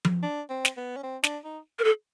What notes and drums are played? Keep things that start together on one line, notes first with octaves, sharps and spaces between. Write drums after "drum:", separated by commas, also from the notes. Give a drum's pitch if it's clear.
drum: tom F3
D4
C4
drum: snare
B3
C#4
C4
D4, drum: snare
D#4
A#4
A4